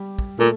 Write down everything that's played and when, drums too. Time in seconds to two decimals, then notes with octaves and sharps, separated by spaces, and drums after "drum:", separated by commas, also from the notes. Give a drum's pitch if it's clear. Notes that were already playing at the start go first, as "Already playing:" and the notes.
Already playing: G3 G4
0.19 drum: kick
0.39 A#2 A3 A4